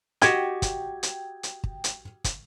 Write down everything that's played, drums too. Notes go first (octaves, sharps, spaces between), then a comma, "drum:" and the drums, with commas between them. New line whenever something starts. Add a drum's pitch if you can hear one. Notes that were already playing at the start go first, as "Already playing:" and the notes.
F#4 G4 D#5 G5 G#6, drum: hi-hat
drum: kick, hi-hat
drum: hi-hat
drum: hi-hat
drum: kick
drum: hi-hat
drum: kick, hi-hat